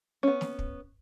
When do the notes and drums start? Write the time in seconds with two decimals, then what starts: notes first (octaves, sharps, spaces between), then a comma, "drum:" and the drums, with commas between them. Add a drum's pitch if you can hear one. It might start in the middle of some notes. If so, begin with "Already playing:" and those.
0.23 B3 C#4
0.41 drum: snare
0.59 drum: kick